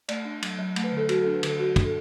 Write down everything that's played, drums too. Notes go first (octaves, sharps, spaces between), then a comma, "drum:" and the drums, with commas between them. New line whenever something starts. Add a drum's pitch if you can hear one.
A3 D5, drum: cymbal
D4
F#3, drum: cymbal
F#3
A3, drum: cymbal
B4
D3
A4
F#3 F#4, drum: cymbal
D4 A4
B4
D3 A4, drum: cymbal
F#3 F#4
D4, drum: kick, cymbal
A4